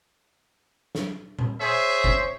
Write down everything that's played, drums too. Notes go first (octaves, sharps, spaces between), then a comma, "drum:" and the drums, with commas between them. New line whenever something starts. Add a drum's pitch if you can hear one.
drum: snare
drum: tom A#2
G#4 C5 C#5 E5
drum: kick